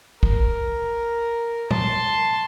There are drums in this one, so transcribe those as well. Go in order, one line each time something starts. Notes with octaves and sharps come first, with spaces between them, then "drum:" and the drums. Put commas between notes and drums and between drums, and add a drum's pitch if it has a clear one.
A#4, drum: kick
A5 C6, drum: tom